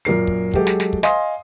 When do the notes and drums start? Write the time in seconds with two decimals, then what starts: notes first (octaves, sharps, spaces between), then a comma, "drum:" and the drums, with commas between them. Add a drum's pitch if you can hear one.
0.05 F#2 A#2 A#4 C7
0.27 drum: kick
0.54 F#3 G#3 G4 A4, drum: kick
0.67 drum: snare
0.80 drum: snare
0.93 drum: kick
1.03 D#5 F5 G#5 C6 D#6, drum: snare